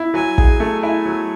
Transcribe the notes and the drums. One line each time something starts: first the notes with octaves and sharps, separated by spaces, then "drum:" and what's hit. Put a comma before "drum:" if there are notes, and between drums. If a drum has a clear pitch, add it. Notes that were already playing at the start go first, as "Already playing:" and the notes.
Already playing: E4
F#3 G#5
G#4, drum: kick
A3
E4 G#5
F#3